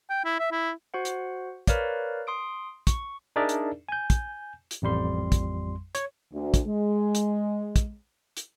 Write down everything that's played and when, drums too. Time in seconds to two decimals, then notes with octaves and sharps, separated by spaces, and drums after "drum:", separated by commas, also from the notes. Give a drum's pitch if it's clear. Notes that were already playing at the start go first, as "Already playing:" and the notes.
0.10 G5
0.25 E4
0.39 E5
0.51 E4
0.94 F#4 C5 F#5
1.05 drum: hi-hat
1.67 A#4 B4 C#5 D5 F5, drum: kick, hi-hat
2.27 C6 D#6 D7
2.87 C#6, drum: kick, hi-hat
3.36 D4 D#4 G#4 A#4 D5 E5
3.49 drum: hi-hat
3.89 G#5 G6
4.10 drum: kick, hi-hat
4.71 drum: hi-hat
4.82 A1 F2 G3 C6
5.32 drum: kick, hi-hat
5.95 C#5, drum: hi-hat
6.33 D2
6.54 drum: kick, hi-hat
6.67 G#3
7.15 drum: hi-hat
7.76 drum: kick, hi-hat
8.37 drum: hi-hat